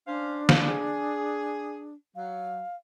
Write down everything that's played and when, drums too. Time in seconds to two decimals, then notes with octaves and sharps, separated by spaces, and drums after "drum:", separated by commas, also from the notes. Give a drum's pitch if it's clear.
0.07 C#4 D4 C5 F5
0.49 drum: snare
0.68 G#4
2.16 F#3 F5